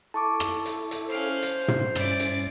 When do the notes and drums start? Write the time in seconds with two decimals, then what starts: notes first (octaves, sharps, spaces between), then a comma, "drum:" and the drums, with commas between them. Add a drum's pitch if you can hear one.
0.14 E4 A4 A5 C#6 D6
0.40 drum: rim click
0.66 drum: hi-hat
0.91 drum: hi-hat
1.08 C#4 C5 F5
1.43 drum: hi-hat
1.68 drum: tom
1.95 G2 C#4 E4 D5 A6, drum: rim click
2.20 drum: hi-hat